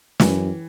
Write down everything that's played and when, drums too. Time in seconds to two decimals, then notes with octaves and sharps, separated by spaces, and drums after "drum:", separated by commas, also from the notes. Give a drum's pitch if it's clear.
0.20 F#2 E3, drum: snare